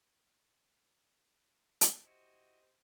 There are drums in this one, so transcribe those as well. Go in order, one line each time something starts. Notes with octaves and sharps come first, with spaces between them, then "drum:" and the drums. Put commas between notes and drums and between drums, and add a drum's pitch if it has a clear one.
drum: hi-hat
E4 F#4 G4 C5 D#5